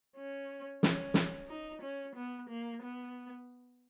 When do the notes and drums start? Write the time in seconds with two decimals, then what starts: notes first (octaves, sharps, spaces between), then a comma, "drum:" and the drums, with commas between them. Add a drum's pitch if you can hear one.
0.16 C#4
0.83 C#4, drum: snare
1.14 drum: snare
1.49 D#4
1.82 C#4
2.16 B3
2.50 A#3
2.82 B3